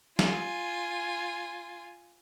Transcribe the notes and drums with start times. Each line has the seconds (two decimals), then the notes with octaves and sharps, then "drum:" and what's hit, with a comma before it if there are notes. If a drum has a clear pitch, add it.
0.19 F4 G#5, drum: snare